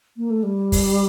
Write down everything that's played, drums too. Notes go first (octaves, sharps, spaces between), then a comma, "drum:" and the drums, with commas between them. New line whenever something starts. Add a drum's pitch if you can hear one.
A#3
A3
G3
drum: kick, open hi-hat